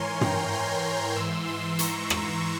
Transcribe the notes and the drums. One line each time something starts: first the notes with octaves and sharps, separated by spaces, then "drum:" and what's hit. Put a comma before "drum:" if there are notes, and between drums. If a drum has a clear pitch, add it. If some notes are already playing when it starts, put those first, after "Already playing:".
Already playing: G#2 E3 A#4 C#5 G#5 C6
G5 A#5, drum: tom
G#5 C6
G#5 C6
G#2 E3 C6 E6
C6 E6
A#5 C#6, drum: hi-hat
A#5 C#6, drum: rim click